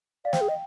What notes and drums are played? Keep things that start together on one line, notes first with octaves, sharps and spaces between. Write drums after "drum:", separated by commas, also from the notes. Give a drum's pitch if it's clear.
D5 F5
C5 G5, drum: snare
G#4
D#5